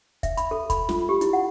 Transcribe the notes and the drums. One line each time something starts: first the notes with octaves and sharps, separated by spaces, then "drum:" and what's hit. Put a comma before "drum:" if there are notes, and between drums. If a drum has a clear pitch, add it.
E5, drum: kick, hi-hat
B5, drum: hi-hat
A4
B5, drum: kick, hi-hat
F4, drum: snare
G4
E4, drum: hi-hat
F#5